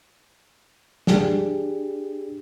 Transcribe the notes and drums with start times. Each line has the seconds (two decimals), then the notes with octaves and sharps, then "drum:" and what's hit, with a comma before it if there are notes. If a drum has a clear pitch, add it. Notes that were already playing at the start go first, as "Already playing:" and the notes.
1.07 D4 G4 G#4, drum: snare